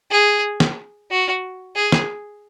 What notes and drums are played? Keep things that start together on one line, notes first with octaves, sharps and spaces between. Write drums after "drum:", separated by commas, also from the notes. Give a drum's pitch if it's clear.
G#4
drum: snare
F#4
G#4
drum: snare